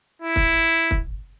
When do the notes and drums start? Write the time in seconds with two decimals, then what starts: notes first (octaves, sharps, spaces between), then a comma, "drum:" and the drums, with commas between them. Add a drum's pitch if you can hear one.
0.22 E4
0.36 drum: kick
0.91 drum: kick